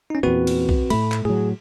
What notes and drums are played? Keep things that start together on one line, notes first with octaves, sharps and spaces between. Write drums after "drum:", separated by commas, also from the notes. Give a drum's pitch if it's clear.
C#4 D#4
E2 A#2 C4 F#4 B4
drum: cymbal
drum: kick
A2 A3 B5, drum: cymbal
drum: clap
A2 F#3 G#4